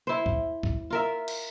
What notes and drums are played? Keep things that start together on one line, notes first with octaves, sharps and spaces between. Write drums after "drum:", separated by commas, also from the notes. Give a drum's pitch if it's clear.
E4 C5
drum: kick C#2
drum: kick C#2
F4 A#4 E5
drum: cymbal